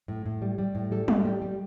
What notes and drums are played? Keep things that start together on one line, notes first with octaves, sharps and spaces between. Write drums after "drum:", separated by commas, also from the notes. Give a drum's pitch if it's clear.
A2
A2
G3
G3
A2
G3 A4
A2, drum: tom G3
G3 G4
G3